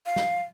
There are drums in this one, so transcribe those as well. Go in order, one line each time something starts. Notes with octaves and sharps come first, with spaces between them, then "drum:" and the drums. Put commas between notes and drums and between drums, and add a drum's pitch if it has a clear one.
F5
drum: snare